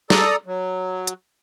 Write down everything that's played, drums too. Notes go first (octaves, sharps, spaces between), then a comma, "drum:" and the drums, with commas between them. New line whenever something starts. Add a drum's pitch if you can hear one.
A4 D5 A#5 D#6, drum: snare
F#3
drum: hi-hat